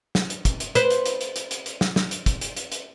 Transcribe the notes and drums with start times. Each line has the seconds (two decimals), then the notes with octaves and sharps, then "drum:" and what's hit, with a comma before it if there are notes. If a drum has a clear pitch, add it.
0.15 drum: snare
0.30 drum: hi-hat
0.45 drum: kick, hi-hat
0.60 drum: hi-hat
0.75 B4 C5, drum: hi-hat
0.90 drum: hi-hat
1.06 drum: hi-hat
1.21 drum: hi-hat
1.36 drum: hi-hat
1.51 drum: hi-hat
1.66 drum: hi-hat
1.81 drum: snare
1.96 drum: snare
2.11 drum: hi-hat
2.26 drum: kick, hi-hat
2.41 drum: hi-hat
2.57 drum: hi-hat
2.72 drum: hi-hat